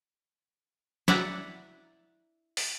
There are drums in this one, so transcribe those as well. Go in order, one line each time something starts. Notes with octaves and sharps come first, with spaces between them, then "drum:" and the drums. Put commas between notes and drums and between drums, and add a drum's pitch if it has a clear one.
E4 D5 F#5 A#5, drum: snare
drum: open hi-hat